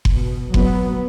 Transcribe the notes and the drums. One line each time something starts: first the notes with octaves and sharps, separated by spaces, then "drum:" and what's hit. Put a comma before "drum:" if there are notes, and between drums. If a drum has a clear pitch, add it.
drum: kick F#1
B2
F#3 B3, drum: kick F#1